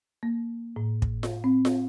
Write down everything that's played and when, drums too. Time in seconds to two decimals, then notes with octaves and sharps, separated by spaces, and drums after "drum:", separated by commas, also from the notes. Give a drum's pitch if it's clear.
0.23 A#3
0.76 A2
1.02 drum: kick
1.23 drum: snare F4
1.44 C4
1.65 drum: snare F4